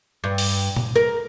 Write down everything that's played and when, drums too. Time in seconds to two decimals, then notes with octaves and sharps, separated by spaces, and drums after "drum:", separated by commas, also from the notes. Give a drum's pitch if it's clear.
0.24 G2
0.38 drum: open hi-hat
0.76 drum: tom A#2
0.96 A#4